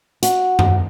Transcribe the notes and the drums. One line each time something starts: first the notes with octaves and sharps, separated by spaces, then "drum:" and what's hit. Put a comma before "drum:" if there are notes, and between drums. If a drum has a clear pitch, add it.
F#4, drum: hi-hat
drum: tom F#2